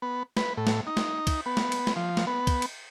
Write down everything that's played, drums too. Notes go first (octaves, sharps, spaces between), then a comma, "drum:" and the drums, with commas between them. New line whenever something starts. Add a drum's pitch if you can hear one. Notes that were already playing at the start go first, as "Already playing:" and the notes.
B3
B4, drum: snare
A2
drum: snare
D#4
drum: snare
drum: kick, cymbal
B3
drum: snare
drum: cymbal
drum: snare
F3
drum: snare
B3
drum: kick, cymbal
drum: cymbal